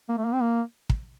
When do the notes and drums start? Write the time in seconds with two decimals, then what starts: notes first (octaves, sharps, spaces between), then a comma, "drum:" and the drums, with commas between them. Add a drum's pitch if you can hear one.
0.09 A#3
0.17 A3
0.25 A#3
0.33 C4
0.42 A#3
0.90 drum: kick